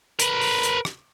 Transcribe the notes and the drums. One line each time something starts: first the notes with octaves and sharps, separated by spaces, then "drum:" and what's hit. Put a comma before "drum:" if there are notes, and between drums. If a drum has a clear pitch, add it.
A#4 B4, drum: hi-hat
drum: open hi-hat
drum: hi-hat
drum: rim click